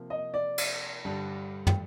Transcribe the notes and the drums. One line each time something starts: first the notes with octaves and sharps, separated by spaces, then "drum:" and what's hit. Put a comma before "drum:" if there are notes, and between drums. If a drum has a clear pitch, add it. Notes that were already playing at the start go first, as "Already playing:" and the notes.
Already playing: C3 F3 A#3 F4
D#5
D5
drum: cymbal
G2 D3 G3 D4
G5, drum: tom